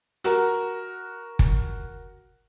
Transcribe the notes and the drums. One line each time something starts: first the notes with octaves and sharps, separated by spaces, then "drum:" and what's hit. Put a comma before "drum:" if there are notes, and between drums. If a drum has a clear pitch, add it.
F#4 A#4, drum: hi-hat
drum: kick